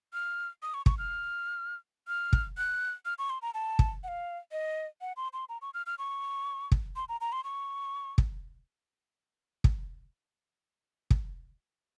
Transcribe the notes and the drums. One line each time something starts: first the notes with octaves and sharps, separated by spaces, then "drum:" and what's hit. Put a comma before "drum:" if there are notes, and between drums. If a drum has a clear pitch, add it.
F6
D#6
C#6
C#6, drum: kick
F6
F6
drum: kick
F#6
F6
C#6
C6
A#5
A5
drum: kick
F#5
F5
D#5
F#5
C6
C6
A#5
C#6
F6
F6
C#6
drum: kick
C6
A#5
A#5
C6
C#6
drum: kick
drum: kick
drum: kick